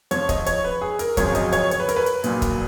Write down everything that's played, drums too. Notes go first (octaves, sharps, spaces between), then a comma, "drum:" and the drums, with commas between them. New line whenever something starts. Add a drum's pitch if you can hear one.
F2 F3 C#5, drum: hi-hat
D#5, drum: kick, hi-hat
C#5, drum: hi-hat
B4
G#4
A#4, drum: hi-hat
G#1 F#2 C#3 F3 C#5, drum: kick, hi-hat
D#5, drum: hi-hat
C#5, drum: hi-hat
C#5, drum: hi-hat
B4
A#4, drum: hi-hat
B4
drum: hi-hat
A#1 A#2 F#3, drum: hi-hat
drum: kick, hi-hat